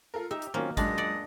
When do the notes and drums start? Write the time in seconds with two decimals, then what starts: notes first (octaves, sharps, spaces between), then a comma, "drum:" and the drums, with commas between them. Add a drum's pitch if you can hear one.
0.14 F4 A4 A#4
0.31 D#4 G4 E5
0.42 drum: hi-hat
0.54 D#3 F#3 A#3 C4 C#4 F4
0.77 C#2 F#2 G#3 D4 D#5, drum: kick, hi-hat
0.98 D5 F#5